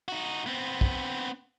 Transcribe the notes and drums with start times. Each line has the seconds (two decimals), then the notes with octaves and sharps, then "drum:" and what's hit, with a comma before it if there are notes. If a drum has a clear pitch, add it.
0.08 D#4 F#4
0.46 B3 C4
0.81 drum: kick